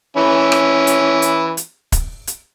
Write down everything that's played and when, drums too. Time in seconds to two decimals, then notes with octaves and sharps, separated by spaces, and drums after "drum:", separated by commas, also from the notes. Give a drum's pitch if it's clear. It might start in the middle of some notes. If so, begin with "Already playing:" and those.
0.17 E3 C#4 E4
0.52 drum: rim click
0.87 drum: hi-hat
1.22 drum: hi-hat
1.57 drum: hi-hat
1.92 drum: kick, hi-hat
2.27 drum: hi-hat